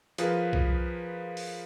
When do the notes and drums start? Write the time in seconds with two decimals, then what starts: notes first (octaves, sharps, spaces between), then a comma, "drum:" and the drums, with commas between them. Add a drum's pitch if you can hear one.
0.18 F3 G#4 A#4 B4 F5, drum: hi-hat
0.53 drum: kick B1
1.37 drum: open hi-hat